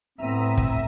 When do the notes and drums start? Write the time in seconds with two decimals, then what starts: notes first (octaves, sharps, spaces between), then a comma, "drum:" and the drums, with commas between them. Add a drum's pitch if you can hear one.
0.18 A2 B3 C4 E5 A#5 D#7
0.57 drum: kick